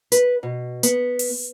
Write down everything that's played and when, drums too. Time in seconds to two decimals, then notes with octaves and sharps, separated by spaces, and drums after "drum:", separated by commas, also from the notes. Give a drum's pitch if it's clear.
0.12 B4, drum: hi-hat
0.43 B2
0.83 B3, drum: hi-hat
1.19 drum: open hi-hat